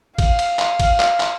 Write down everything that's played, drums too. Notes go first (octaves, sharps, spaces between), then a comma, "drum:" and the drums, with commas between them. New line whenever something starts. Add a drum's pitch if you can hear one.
F5, drum: kick, cymbal
drum: cymbal
drum: clap
drum: kick, cymbal
drum: clap
drum: clap